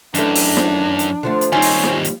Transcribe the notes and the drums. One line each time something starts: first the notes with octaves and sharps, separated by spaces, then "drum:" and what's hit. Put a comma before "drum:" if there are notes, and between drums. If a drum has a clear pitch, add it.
F#2 D#3 E3 A3 D4, drum: hi-hat
drum: open hi-hat
drum: snare
drum: hi-hat
D3 F3 A3
drum: hi-hat
D#2 G3 C4 C#4 D#4 F4
drum: open hi-hat
drum: snare
drum: hi-hat